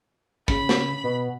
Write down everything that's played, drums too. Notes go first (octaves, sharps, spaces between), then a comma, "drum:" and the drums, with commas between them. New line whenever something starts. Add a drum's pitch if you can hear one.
C#3 B5, drum: kick
drum: snare
B2